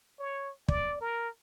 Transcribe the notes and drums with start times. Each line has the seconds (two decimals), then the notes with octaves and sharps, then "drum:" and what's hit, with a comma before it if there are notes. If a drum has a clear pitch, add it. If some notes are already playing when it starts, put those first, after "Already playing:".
0.19 C#5
0.68 D5, drum: kick
1.01 A#4